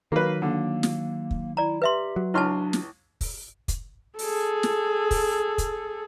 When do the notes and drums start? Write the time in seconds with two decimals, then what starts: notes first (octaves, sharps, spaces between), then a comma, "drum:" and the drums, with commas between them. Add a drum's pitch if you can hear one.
0.12 D#3 F#3 A#3 B4 F5
0.42 D3 A#3
0.83 drum: snare
1.31 drum: kick
1.57 E4 D5 A#5
1.82 G4 B4 E5 C6
2.16 F#3
2.34 C#2 D4 E4 A5 C6 F6
2.73 drum: snare
3.21 drum: kick, open hi-hat
3.68 drum: kick, hi-hat
4.19 G#4 A4, drum: open hi-hat
4.63 drum: snare
5.11 drum: kick, open hi-hat
5.58 drum: kick, hi-hat